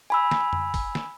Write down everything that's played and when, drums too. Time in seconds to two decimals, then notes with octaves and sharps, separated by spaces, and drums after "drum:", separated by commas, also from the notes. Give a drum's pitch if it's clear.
0.10 G#5 B5 E6
0.31 drum: snare
0.53 drum: tom F2
0.74 drum: kick, open hi-hat
0.95 drum: snare